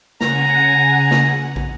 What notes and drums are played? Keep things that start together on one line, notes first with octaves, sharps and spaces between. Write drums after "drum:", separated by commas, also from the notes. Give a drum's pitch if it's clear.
C#3 F#5 G#5 A#5, drum: snare
drum: snare
drum: kick